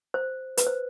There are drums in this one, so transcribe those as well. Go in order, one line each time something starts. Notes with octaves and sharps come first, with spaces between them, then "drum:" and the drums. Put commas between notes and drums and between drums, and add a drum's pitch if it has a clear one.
C5
B4, drum: hi-hat
C5